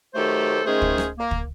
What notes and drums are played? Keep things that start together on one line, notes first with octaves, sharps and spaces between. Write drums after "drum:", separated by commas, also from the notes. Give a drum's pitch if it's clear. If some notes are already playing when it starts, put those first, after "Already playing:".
D#3 F#3 A3 G4 A4 C5
D#3 G#3 A3 C#4 G#4 C5
drum: kick
drum: rim click
A#3
drum: kick